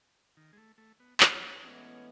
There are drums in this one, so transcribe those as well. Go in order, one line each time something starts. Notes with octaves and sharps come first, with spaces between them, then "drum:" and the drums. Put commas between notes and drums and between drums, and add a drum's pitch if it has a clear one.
D#3
G#3
A3
A3
B3
C4, drum: clap
C#4
A2 E3 G#3 B3 C#4 E4